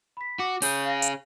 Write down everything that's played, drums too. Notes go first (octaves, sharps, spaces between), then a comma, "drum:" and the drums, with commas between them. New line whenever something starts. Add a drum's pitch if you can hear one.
B5 B6
F#4 D6
C#4 G#4 G6, drum: open hi-hat
F5 A#6
drum: hi-hat